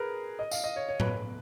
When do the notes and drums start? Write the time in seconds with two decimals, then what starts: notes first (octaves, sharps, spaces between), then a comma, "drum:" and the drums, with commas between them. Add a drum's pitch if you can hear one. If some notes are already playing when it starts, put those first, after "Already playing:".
Already playing: G#4 A#4 B4
0.39 D#5
0.51 F5, drum: tambourine
0.64 D#5
0.76 C#5
0.89 C#5
1.00 B4, drum: tom A2